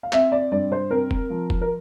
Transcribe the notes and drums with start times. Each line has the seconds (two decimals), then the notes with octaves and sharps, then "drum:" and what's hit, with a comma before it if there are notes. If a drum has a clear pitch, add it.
0.03 F5
0.12 C4 E5, drum: clap
0.32 D5
0.51 G2 D5
0.72 C5
0.91 C4 A#4
1.11 drum: kick
1.30 F3
1.50 drum: kick
1.61 A#4